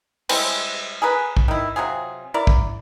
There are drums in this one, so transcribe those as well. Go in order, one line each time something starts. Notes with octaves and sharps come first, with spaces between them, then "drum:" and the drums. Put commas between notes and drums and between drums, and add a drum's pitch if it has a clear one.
G3 G#3 C4 E4, drum: cymbal
G#4 A#4 B4
drum: kick
D#3 E4
C3 F#3 F4 G#4
E4 A#4 D5
drum: kick